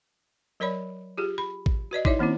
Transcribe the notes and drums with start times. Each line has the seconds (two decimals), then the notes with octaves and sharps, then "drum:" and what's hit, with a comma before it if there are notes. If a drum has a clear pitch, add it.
0.60 F#3 A#4 C#5 D5 B5
1.18 F4 G4 G#4
1.38 B5
1.66 drum: kick
1.91 F#4 B4 D5 D#5
2.05 D#4 E4 C#5 D5 E5, drum: kick
2.19 D#3 A#3 C4 C#4 E4